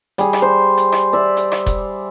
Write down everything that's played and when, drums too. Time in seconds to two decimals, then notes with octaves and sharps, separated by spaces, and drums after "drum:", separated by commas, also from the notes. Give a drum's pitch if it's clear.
0.18 G3 G#4, drum: hi-hat
0.33 drum: rim click
0.42 C5
0.77 drum: hi-hat
0.92 drum: rim click
1.13 D5 E5
1.37 drum: hi-hat
1.52 drum: rim click
1.66 drum: kick E1, hi-hat